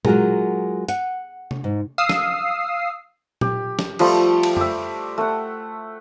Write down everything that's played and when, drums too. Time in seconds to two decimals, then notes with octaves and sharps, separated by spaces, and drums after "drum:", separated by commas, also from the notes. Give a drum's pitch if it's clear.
0.05 F#3 G#3 F4 F#4 G#4 A#4, drum: tom A#2
0.88 F#5, drum: hi-hat
1.51 drum: tom C3
1.64 G#2
1.98 F5 D#6 E6 C7
2.09 drum: snare
3.41 G4, drum: tom A#2
3.79 drum: snare
3.99 F3 G3 A3 C6, drum: cymbal
4.43 drum: cymbal
4.57 G4 E5, drum: tom F2
5.18 A3 F#5